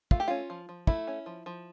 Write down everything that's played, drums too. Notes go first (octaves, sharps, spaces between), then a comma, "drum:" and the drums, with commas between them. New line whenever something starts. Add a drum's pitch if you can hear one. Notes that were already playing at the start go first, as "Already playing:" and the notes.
A3 F4, drum: kick
G4
C#4 F4
F3
F3
A3 E4, drum: kick
C#4
F3
F3